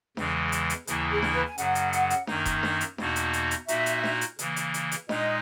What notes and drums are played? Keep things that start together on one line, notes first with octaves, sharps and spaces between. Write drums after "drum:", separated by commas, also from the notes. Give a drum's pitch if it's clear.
E2 C#3 E3 G#3, drum: snare D4
drum: hi-hat
drum: hi-hat
D#2 C#3 E3 A#3 E4, drum: hi-hat
G#4
drum: snare D4
B4
G#5
F#2 C#3 F#3 F#5, drum: hi-hat
drum: hi-hat
drum: hi-hat
drum: hi-hat
F#2 D#3 A#3 D#4, drum: snare D4
drum: kick E1, hi-hat
drum: snare D4
drum: hi-hat
E2 B2 A#3 D#4 F#4, drum: snare D4
drum: hi-hat
drum: hi-hat
drum: hi-hat
A#2 A#3 D#4 F#4 E5, drum: hi-hat
drum: hi-hat
drum: snare D4
drum: hi-hat
C#3 E3 A#3, drum: hi-hat
drum: hi-hat
drum: hi-hat
drum: hi-hat
A#2 G#3 D#4 D#5, drum: snare D4